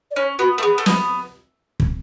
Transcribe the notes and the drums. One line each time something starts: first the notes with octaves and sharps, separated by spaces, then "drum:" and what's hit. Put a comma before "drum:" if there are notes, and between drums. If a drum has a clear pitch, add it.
D5
C#4 C#5
B3 F#4
A3
B3 G#4
A3
B3, drum: snare
drum: kick